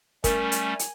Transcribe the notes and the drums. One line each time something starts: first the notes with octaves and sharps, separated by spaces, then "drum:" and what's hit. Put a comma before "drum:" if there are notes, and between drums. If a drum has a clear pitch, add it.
G3 A3 C#4 A#4 G#5, drum: kick, hi-hat
drum: hi-hat
drum: hi-hat